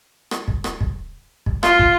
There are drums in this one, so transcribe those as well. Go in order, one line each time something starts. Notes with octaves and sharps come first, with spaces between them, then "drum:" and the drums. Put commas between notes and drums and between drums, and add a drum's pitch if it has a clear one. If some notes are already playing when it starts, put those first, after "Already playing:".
drum: rim click
drum: kick
drum: rim click
drum: kick
drum: kick
F4, drum: rim click
drum: kick